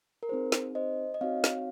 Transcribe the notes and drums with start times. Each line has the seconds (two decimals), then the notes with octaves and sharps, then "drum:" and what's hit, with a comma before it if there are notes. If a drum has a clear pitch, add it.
0.23 A#4
0.29 C4 D#4 G#4 C5
0.52 drum: snare
0.75 C5 D#5
1.14 D#5
1.21 C4 D#4 F#4 C#5 F5
1.44 drum: snare